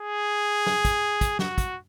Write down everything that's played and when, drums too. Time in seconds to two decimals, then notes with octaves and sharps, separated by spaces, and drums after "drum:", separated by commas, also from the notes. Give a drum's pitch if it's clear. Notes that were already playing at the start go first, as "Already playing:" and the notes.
Already playing: G#4
0.66 drum: snare
0.85 drum: kick, hi-hat
1.21 drum: kick, hi-hat
1.39 F#4, drum: snare
1.58 drum: kick, hi-hat